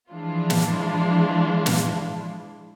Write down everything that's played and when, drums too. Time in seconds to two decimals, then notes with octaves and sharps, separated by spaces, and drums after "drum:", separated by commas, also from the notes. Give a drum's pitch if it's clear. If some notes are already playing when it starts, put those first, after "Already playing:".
0.11 E3 F3 G#3 D4 E4 F4
0.50 drum: snare
1.66 drum: snare